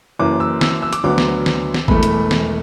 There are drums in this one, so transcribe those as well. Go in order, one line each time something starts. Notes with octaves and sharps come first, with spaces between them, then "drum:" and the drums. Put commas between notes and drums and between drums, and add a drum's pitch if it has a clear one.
F#1 F#2 E3 D6
E6
E6, drum: snare
E6
D6, drum: hi-hat
D2 D3 F#3 B3 D6
drum: snare
drum: snare
drum: snare
E1 E2 E3 A3 B5, drum: kick G#1
drum: hi-hat
drum: snare